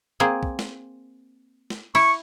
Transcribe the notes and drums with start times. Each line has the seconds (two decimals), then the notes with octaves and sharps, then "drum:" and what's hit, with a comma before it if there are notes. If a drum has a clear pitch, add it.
0.20 A#3 C4 G#4
0.43 drum: kick
0.59 drum: snare
1.70 drum: snare
1.95 E4 C#6, drum: cymbal